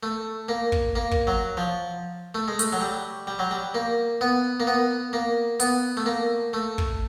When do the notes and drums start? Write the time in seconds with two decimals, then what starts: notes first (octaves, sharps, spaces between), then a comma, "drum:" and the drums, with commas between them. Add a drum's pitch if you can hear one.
0.03 A3
0.49 A#3
0.72 drum: kick
0.96 A#3
1.11 drum: kick
1.27 F#3
1.57 F3
2.35 A3
2.48 G#3
2.59 A3, drum: hi-hat
2.73 F#3
2.81 G3
3.27 G3
3.39 F#3
3.51 G3
3.74 A#3
4.21 B3
4.60 A#3
4.67 B3
5.13 A#3
5.60 B3, drum: hi-hat
5.97 A3
6.06 A#3
6.53 A3
6.78 drum: kick